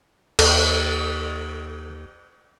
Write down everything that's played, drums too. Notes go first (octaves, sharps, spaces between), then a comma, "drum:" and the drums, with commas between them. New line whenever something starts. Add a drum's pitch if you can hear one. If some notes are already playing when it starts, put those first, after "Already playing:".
D#2 A4, drum: cymbal